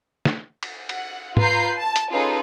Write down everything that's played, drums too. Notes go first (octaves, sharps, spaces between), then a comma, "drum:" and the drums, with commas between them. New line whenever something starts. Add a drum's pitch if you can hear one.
drum: snare
drum: cymbal
F#5, drum: cymbal
F4 B4 A#5 G6 C7, drum: tom
A5
drum: hi-hat
C#4 D#4 F4 G#4 A4 B4